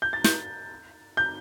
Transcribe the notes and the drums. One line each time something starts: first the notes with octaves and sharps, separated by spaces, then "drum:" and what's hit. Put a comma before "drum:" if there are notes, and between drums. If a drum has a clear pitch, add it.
G6
A6
G6, drum: snare
G6